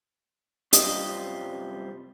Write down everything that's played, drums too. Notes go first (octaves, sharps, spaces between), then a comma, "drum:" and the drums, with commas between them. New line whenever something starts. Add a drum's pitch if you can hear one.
C2 F#2 G3 F4 D#5, drum: hi-hat